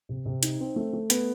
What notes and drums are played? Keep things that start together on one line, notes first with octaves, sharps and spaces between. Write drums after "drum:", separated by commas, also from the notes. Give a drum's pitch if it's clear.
C3
C3
D#4, drum: hi-hat
C4
A3
A3
B3, drum: hi-hat